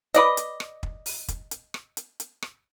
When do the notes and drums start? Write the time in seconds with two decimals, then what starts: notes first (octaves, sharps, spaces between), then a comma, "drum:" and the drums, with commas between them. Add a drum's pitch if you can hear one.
0.14 B4 D5 D#5, drum: hi-hat
0.37 drum: hi-hat
0.60 drum: rim click
0.83 drum: kick
1.06 drum: open hi-hat
1.28 drum: kick, hi-hat
1.51 drum: hi-hat
1.74 drum: rim click
1.97 drum: hi-hat
2.20 drum: hi-hat
2.42 drum: rim click